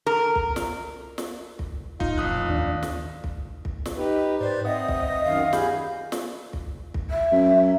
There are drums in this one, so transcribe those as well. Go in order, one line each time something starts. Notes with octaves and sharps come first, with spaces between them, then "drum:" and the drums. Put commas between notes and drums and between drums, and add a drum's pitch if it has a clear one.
A#4
drum: kick
drum: snare
drum: snare
drum: kick
D#1 A#1 D#4 F4, drum: kick
A1 F2 D#6 F#6
D#2 D4
drum: snare
drum: kick
drum: kick
drum: snare
D#4 G4 B4
G#2 B4 C5 D5
C4 D#5 E5 F#5 D#6
drum: kick
F#2 D#3 F5
G4 G#4 B5 G6, drum: snare
drum: snare
drum: kick
drum: kick
E5
F#2